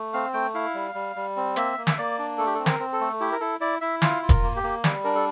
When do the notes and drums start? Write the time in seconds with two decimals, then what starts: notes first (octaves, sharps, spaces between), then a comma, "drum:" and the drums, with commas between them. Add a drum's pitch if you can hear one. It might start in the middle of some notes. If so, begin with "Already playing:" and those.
Already playing: A3
0.14 C4 F5
0.33 A3 G5
0.54 E4 F5
0.74 G3
0.95 G3
1.16 G3
1.36 C4
1.56 A#3 E5, drum: hi-hat
1.78 A#3
1.87 E5, drum: snare
1.98 A#3 D5
2.19 D4
2.38 A3 A4
2.46 G4
2.55 A4
2.59 C4
2.66 A#4, drum: snare
2.79 C4
2.93 A4
3.00 A3
3.20 E4 G4
3.32 A#4
3.40 E4 A4
3.60 E4 D5
3.81 E4 E5
4.02 F4 F5, drum: snare
4.22 F4
4.29 A#4, drum: kick E1, hi-hat
4.43 A#3
4.56 G4
4.63 A#3
4.84 G3, drum: snare
5.04 D4 A#4
5.15 A4